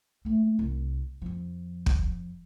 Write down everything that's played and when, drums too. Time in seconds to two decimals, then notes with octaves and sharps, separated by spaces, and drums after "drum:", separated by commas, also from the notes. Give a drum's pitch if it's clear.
0.25 A3 A#3
0.59 C2
1.22 F2 F3
1.86 drum: kick